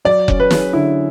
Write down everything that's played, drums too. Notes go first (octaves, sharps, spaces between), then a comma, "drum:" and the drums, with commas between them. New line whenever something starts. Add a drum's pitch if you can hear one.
F#3 D5
C#4, drum: kick F1
B4
G#4, drum: snare
D3 E4